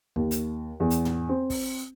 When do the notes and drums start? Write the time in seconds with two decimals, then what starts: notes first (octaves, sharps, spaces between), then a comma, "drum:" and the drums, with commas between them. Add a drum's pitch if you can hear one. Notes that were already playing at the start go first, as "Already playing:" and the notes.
0.16 D#2, drum: kick
0.31 drum: hi-hat
0.80 E2
0.90 drum: hi-hat
1.05 drum: tom
1.29 C4
1.50 drum: kick, open hi-hat